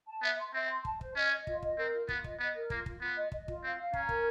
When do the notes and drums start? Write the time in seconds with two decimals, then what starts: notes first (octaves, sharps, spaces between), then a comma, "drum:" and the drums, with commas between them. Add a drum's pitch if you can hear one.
0.08 A5
0.22 B3 E5
0.38 C6
0.54 C4 E5
0.69 C6
0.85 A5, drum: kick
1.01 C5, drum: kick
1.16 C#4 D#5
1.31 D#5
1.47 F4, drum: kick
1.62 D#5, drum: kick
1.77 C4 A#4
1.93 F4
2.09 B3 F4, drum: kick
2.24 D#5, drum: kick
2.39 B3 D#5
2.54 A#4
2.70 A#3 F4, drum: kick
2.86 F4, drum: kick
3.01 B3 F4
3.17 D#5
3.32 D#5, drum: kick
3.48 F4, drum: kick
3.63 C4 F5
3.79 F5
3.93 C#4 A#5, drum: kick
4.09 A#4, drum: kick